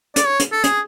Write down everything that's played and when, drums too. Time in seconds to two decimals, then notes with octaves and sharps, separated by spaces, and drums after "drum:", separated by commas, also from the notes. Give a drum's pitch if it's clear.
0.16 D5, drum: hi-hat
0.27 C#5
0.40 drum: hi-hat
0.52 A4
0.64 G#4, drum: hi-hat